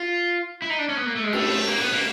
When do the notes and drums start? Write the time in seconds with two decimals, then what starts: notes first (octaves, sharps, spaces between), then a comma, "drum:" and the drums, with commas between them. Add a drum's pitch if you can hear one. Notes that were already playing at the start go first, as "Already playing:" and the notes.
Already playing: F4
0.62 E4
0.70 D#4
0.79 D4
0.89 C#4
0.97 B3
1.06 A#3
1.16 A3
1.24 G#3
1.33 A3, drum: cymbal
1.69 A#3
1.81 B3
1.93 A#3